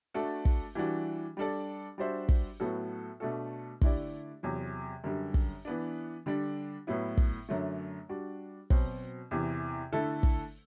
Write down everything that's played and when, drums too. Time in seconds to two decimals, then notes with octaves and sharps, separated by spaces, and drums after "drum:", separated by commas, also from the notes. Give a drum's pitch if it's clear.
0.14 A3 D4 F#4 A4
0.45 drum: kick
0.75 E3 G3 D4 F#4
1.37 G3 D4 A4 D5
1.98 G3 D4 F#4 C5 E5
2.29 drum: kick
2.60 A2 F#3 B3 F#4 A4
3.20 B2 A3 D4 F#4 A4
3.81 D3 A3 E4 G4 D5, drum: kick
4.43 E2 C3 F#3
5.04 F#2 D3 G3
5.34 drum: kick
5.65 E3 B3 D4
6.26 D3 G3 D4
6.87 A2 F#3 B3 E4
7.17 drum: kick
7.49 F#2 D3 F#3 A3
8.09 G3 D4 F#4
8.70 B2 F#3 C4, drum: kick
9.31 E2 C3 E3
9.92 D3 A3 E4 A4
10.23 drum: kick